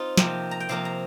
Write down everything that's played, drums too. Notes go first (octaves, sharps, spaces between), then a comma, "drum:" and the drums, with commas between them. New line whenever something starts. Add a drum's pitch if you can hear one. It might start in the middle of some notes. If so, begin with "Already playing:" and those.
Already playing: C4 D#4 F4
C3 F3 A#3 G4, drum: snare
A#5
G5
C3 F3 A#3 F5
A#5